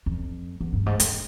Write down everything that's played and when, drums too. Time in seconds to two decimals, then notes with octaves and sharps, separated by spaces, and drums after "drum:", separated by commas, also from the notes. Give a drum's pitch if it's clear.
0.06 F2
0.61 E2
0.73 G2
0.86 G#2
1.00 G#2, drum: hi-hat